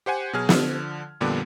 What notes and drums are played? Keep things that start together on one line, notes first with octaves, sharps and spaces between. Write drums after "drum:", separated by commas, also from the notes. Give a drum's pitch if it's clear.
G4 C5 F#5 G#5
B2 F#3 G#4 F6 G#6
D3 F3, drum: snare
F2 A#2 D3 G3 B3 D4